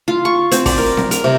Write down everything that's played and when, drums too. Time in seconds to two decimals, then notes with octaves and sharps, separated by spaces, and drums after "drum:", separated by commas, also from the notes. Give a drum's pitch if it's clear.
0.08 F4
0.25 C#6
0.52 C4, drum: hi-hat
0.66 D5, drum: kick, open hi-hat
0.78 A#4
0.97 drum: snare C4
1.11 A#4, drum: hi-hat
1.24 C3